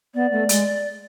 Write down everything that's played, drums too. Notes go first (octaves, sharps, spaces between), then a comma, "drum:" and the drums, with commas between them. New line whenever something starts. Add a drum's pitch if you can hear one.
B3 D5
A3
G#3, drum: hi-hat